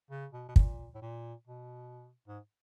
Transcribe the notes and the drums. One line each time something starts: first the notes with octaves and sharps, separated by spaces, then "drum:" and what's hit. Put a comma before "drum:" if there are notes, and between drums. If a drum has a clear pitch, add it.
C#3
B2
B2
A#2, drum: kick
A2
A#2
B2
G#2